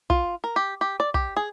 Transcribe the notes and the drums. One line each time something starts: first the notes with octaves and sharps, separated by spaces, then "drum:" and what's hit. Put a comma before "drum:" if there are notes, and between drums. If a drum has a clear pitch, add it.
F4, drum: kick
A#4
G4
G4
D5
G4, drum: kick
G#4